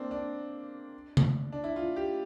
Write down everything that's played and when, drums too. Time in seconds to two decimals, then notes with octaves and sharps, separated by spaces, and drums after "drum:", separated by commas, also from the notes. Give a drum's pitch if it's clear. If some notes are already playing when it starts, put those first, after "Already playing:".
Already playing: A#3 C4 D4
0.11 D4
1.17 drum: tom C#3
1.52 D4
1.64 E4
1.76 F4
1.96 G4